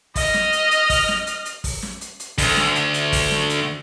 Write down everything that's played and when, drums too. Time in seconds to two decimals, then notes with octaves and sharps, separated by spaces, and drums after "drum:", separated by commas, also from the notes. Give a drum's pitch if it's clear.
0.16 D#5 F6, drum: kick, open hi-hat
0.34 drum: snare
0.52 drum: hi-hat
0.71 drum: hi-hat
0.90 drum: kick, open hi-hat
1.08 drum: snare
1.27 drum: hi-hat
1.45 drum: hi-hat
1.64 drum: kick, open hi-hat
1.82 drum: snare
2.01 drum: hi-hat
2.20 drum: hi-hat
2.38 D2, drum: kick, open hi-hat
2.57 drum: snare
2.75 drum: hi-hat
2.94 drum: hi-hat
3.12 drum: kick, open hi-hat
3.31 drum: snare
3.50 drum: hi-hat